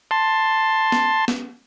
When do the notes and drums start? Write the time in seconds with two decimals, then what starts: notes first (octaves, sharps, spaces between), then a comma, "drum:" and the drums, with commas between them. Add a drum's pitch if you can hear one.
0.11 A5 C6
0.92 drum: snare
1.28 drum: snare